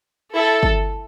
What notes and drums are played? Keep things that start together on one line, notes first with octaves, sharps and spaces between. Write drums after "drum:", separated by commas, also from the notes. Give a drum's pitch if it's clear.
E4 A4
drum: kick G1